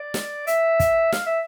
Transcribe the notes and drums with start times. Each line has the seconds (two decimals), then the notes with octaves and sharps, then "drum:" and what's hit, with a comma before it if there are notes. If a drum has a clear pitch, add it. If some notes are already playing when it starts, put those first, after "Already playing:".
Already playing: D5
0.14 drum: snare
0.47 E5, drum: hi-hat
0.80 drum: kick, hi-hat
1.12 F5, drum: snare
1.26 E5